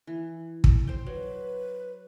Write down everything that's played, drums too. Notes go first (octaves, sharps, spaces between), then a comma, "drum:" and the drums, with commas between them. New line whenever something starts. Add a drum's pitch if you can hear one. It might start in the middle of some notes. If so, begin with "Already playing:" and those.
E3
drum: kick
C5 G5
F#3 B4